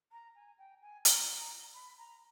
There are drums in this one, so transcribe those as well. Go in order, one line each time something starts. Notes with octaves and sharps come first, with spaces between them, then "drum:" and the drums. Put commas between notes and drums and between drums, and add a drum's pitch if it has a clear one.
A#5
G#5
G5
G#5
A#5, drum: hi-hat
B5
A#5